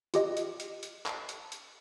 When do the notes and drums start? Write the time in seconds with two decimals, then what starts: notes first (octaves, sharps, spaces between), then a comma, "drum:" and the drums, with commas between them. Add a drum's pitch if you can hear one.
0.14 F4 G4 D#5, drum: hi-hat
0.37 drum: hi-hat
0.60 drum: hi-hat
0.83 drum: hi-hat
1.06 drum: clap
1.29 drum: hi-hat
1.52 drum: hi-hat